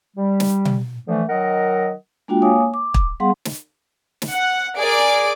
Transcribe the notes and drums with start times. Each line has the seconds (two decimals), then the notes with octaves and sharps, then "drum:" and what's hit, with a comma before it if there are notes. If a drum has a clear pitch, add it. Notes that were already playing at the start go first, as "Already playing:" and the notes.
0.17 G3
0.40 drum: snare
0.65 drum: tom B2
1.08 D3 E3 F3 A3
1.28 D#3 F#3 A#4 D#5 F#5
2.28 G#3 A#3 D4 F4 F#4 G5
2.42 A#3 C#5 F5 G#5 D6 D#6
2.74 D6
2.94 drum: kick
3.20 G3 B3 G#4 F5 F#5 C6
3.45 drum: snare
4.22 drum: snare
4.33 F#5
4.78 G#4 A#4 D5 D7